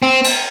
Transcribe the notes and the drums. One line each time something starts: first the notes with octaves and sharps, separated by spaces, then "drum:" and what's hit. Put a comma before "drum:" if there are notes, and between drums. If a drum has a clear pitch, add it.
C4
drum: cymbal